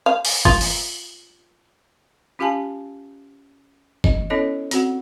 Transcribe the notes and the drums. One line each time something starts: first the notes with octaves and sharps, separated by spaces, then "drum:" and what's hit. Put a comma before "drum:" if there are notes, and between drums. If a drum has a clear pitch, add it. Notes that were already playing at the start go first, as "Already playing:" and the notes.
F5
drum: open hi-hat
F4, drum: kick F#1
drum: open hi-hat
C#4 F4 G4 F5 G#5 A5
D#5, drum: kick F#1
B3 C#4 E4 A4 C#5 D#5
C4 F#4 F#5, drum: hi-hat